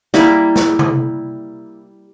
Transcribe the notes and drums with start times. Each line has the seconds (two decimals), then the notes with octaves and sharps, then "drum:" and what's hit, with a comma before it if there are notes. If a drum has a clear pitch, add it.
0.14 G3 A#3 E4, drum: snare
0.56 drum: snare
0.79 drum: tom C3